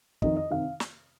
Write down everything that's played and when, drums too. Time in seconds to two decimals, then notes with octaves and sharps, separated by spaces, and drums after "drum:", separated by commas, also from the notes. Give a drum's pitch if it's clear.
0.22 F2 D#3 D#5, drum: kick
0.37 D#5
0.51 C3 D#3 F5
0.80 drum: snare